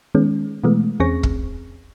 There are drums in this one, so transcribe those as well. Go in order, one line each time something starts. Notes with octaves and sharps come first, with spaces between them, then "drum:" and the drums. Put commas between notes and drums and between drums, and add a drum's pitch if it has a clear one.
D#3 G#3 B3 C#4
B2 E3 G#3 A3 B3
E2 C4 C#4 G#4 C#6 A#6
drum: kick